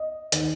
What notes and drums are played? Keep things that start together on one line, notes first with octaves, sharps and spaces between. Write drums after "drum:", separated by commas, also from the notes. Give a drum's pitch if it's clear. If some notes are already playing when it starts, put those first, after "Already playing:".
Already playing: D#5
D#3, drum: hi-hat